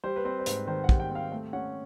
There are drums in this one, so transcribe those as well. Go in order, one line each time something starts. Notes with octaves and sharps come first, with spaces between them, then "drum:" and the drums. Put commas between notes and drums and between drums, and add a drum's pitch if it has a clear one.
G3 C5
B4
C4 C5
C5
G#2 B4, drum: hi-hat
D#3 C5
F#5
G3, drum: kick
G5
C4 F5
A3
C#4 F#5